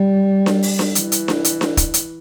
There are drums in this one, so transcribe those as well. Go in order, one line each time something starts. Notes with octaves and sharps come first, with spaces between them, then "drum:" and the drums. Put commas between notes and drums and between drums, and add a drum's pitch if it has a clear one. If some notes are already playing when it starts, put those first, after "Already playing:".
Already playing: G3
drum: snare D4
drum: open hi-hat
drum: snare D4
E3, drum: hi-hat
drum: hi-hat
drum: snare D4
drum: hi-hat
drum: snare D4
drum: kick, hi-hat
drum: hi-hat